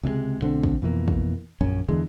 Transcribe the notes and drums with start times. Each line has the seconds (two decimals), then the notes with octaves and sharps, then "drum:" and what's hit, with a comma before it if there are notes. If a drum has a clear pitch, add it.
0.03 C#2 C3 F#3 G#3
0.41 B1 D3 A3 C4
0.63 drum: kick
0.82 F2 B2 E3 A#3
1.08 drum: kick
1.61 A#1 F#2 C#4
1.88 E2 D3 E3 G#3